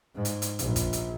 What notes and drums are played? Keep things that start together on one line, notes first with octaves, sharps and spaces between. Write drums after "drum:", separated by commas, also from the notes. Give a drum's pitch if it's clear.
G#2
drum: hi-hat
drum: hi-hat
A#1, drum: hi-hat
drum: kick, hi-hat
drum: hi-hat